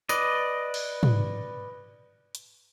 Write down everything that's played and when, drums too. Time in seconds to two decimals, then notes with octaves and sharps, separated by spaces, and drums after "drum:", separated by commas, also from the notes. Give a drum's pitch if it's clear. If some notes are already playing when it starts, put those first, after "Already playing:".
0.09 B4 D5 D#5, drum: tambourine
0.74 drum: cymbal
1.03 drum: tom
2.35 drum: hi-hat